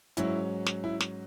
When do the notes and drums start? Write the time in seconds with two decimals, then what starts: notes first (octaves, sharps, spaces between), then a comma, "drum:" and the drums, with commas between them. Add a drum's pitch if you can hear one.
0.17 G#2 F#3 C#4 E4, drum: hi-hat
0.66 drum: snare
0.84 E4
1.00 drum: snare